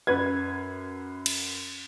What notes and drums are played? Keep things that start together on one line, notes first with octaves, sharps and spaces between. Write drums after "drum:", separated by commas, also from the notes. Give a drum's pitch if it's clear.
F#2 B4 G#6
drum: cymbal